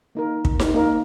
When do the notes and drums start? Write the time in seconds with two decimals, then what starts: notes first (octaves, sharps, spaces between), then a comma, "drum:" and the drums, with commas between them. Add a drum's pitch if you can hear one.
0.15 A#3 D#4 A#4
0.45 drum: kick
0.60 drum: snare D#4
0.74 A#3 D#4 A#4